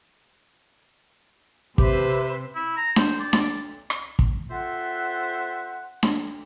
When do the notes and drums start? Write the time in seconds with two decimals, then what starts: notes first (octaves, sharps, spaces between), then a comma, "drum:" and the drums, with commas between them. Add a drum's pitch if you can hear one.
1.78 C3 G4 B4 C5 E5, drum: kick
2.55 E4
2.77 A#5
2.96 C5, drum: snare D4
3.19 D5
3.33 D5, drum: snare D4
3.90 drum: rim click
4.19 drum: kick
4.51 C4 F4 A4 C5 E5 F#5
6.03 drum: snare D4